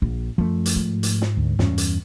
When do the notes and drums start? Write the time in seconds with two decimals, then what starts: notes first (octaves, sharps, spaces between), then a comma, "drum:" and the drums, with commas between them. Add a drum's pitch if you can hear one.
0.02 A#1
0.38 F#2 F3 A3
0.66 drum: hi-hat
0.76 G#2
1.03 drum: hi-hat
1.22 drum: snare
1.37 D2
1.59 E2 G2 C#4, drum: snare
1.78 drum: hi-hat